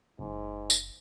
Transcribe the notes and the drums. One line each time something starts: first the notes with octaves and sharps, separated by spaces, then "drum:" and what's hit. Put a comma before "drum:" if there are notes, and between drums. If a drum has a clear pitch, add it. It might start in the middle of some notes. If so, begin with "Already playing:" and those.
F#1 G#2
drum: tambourine